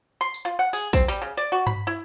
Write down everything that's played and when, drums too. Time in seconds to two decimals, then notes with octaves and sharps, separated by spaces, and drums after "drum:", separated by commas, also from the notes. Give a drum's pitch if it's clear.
0.21 C6
0.34 drum: tambourine
0.45 F4
0.59 F#5
0.73 G#4, drum: tambourine
0.93 C4, drum: kick, tambourine
1.08 G3, drum: tambourine
1.22 C#3
1.37 D5
1.52 F#4
1.67 B5, drum: tom G2
1.87 E4